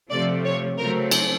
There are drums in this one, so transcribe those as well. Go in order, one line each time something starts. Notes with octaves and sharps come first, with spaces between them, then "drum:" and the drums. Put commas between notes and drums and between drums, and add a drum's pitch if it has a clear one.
C3 F3 A3 D5
C#5
C#3 F#3 A3 C4 A#4
drum: cymbal